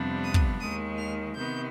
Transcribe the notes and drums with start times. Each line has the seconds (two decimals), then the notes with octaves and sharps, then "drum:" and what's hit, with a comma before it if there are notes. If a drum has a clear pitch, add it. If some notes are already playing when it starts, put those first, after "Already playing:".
Already playing: F2 C3 G3 B3 D4
0.23 D#6
0.34 drum: kick
0.60 D#2 D#3 G#3 D#6
0.98 F6
1.35 C3 D#3 B3 G6